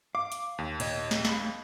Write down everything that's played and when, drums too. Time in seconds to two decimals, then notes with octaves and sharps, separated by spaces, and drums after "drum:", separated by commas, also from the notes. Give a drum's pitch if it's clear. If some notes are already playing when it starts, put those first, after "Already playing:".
0.15 F5 D6
0.32 drum: hi-hat
0.58 D#2
0.80 A#2 C#5 D#5, drum: cymbal
1.11 drum: snare
1.25 F5 A#5 B5, drum: snare